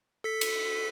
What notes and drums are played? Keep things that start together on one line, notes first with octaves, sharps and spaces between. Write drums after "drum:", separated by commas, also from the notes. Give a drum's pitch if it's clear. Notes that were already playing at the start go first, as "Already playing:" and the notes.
A4 B6
drum: cymbal